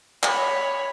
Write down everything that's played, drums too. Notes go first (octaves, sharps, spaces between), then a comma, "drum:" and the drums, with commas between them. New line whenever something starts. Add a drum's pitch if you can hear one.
C#5 B5, drum: clap